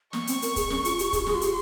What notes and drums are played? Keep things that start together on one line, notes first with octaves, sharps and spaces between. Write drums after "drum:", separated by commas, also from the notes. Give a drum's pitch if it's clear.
A#3 C#6, drum: snare
C4, drum: hi-hat
A#4, drum: hi-hat
G#4, drum: kick, hi-hat
C#4, drum: snare
F4, drum: hi-hat
G4, drum: hi-hat
G#4, drum: kick, hi-hat
G#4 C6, drum: snare
F4
G4, drum: hi-hat